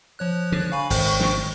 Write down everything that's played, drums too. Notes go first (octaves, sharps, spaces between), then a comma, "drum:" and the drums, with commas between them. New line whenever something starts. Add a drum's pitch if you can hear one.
F3 C#5 F#6
D3
F5 G#5 B5 C#6
G#1 C5 G5, drum: open hi-hat
drum: snare